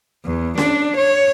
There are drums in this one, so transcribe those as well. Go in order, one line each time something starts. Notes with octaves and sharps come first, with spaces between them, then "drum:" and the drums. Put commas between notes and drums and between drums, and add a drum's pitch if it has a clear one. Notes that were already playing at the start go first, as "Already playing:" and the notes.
E2
D4, drum: snare
C#5